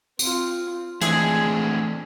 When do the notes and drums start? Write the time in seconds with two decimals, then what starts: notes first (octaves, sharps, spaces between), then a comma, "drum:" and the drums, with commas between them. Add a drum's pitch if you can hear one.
0.19 C4 F4, drum: tambourine
1.02 E3 G#3 A3 C4 D4 G#4, drum: hi-hat